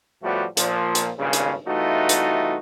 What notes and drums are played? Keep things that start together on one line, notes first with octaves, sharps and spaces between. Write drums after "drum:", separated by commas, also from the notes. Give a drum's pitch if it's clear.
A2 F3 G3 A3 B3 F#4
A#2 F3, drum: hi-hat
drum: hi-hat
G#1 G2 A#2 C#3
drum: hi-hat
C2 E3 A3 D#4 F4 F#4
drum: hi-hat